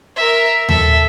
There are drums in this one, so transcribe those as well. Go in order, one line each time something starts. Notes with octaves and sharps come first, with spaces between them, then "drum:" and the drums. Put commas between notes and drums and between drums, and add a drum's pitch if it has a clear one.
A#4 E5
A4 E5, drum: tom D#2